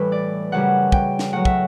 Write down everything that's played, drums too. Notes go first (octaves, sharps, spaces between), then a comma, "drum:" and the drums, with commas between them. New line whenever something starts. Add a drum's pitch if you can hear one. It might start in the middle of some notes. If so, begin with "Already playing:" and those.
Already playing: A2 E3 G3 B4
D5
F#2 C#3 G3 F#5
G5, drum: kick
drum: snare
A2 F#3 F#5
E5, drum: kick